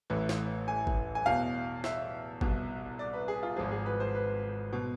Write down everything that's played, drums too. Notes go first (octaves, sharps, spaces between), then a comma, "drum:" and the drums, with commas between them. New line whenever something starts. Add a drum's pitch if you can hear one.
A1 A2 E3
drum: snare
G#5
drum: kick
G#5
E2 B2 F5
E5, drum: snare
C2 B2, drum: kick
D5
B4
G#4
F4
G#1 G#2 F3 G#4
G#4
B4
C5
B4
B2